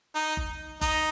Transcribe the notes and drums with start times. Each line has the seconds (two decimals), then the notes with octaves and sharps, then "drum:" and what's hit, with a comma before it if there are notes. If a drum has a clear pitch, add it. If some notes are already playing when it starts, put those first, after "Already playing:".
0.15 D#4
0.37 drum: kick F#1
0.81 D#4, drum: kick F#1, hi-hat